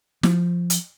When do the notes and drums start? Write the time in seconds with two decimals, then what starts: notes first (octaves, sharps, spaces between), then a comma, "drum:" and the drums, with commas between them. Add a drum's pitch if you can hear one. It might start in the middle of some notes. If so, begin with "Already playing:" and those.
0.23 F3, drum: snare
0.70 drum: hi-hat